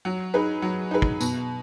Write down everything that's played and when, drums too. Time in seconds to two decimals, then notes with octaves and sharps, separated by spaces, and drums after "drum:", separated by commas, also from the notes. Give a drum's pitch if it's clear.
0.05 F#3
0.34 D#4 G#4 B4
0.62 F#3
0.91 D#4 G#4 B4
1.02 drum: kick
1.20 B2, drum: tambourine